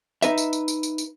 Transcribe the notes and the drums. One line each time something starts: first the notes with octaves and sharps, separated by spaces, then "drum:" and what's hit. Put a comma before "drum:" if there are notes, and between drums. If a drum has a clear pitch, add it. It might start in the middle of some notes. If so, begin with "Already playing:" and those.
D#4 B4 E5, drum: tambourine
drum: tambourine
drum: tambourine
drum: tambourine
drum: tambourine
drum: tambourine